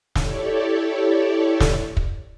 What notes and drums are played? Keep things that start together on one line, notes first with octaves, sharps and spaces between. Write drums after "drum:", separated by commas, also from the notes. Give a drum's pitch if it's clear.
E4 G4 A4 C#5 D5, drum: snare
drum: snare
drum: kick